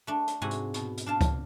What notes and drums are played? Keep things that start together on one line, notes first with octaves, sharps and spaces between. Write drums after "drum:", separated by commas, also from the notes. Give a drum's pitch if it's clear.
A3 D4
drum: hi-hat
G#2 C3 F#4 G#5
drum: hi-hat
B2, drum: hi-hat
drum: hi-hat
D4 F5 A5
drum: kick C#2, hi-hat